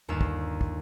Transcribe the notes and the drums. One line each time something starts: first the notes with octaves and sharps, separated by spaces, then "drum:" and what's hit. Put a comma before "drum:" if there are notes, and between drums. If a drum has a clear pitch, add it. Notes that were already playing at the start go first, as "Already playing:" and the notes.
G1 D#2 D#3 F5 E6
drum: kick
drum: kick